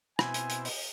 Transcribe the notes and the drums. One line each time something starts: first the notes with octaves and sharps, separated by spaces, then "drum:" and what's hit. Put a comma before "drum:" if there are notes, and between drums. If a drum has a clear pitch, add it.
B2 C4 E4 G#5, drum: rim click
drum: hi-hat
drum: hi-hat
drum: open hi-hat